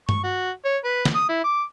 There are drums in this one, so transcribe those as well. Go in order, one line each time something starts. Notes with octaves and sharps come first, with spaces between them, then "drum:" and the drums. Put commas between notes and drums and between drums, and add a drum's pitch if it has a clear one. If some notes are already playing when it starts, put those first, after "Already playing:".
C#6, drum: tom G2
F#4
C#5
B4
drum: snare
D#6
E4
D6